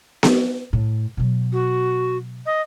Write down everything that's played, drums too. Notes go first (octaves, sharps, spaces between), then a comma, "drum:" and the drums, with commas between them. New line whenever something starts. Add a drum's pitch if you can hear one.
drum: snare B3
A2
B2 F#3
F#4
D#5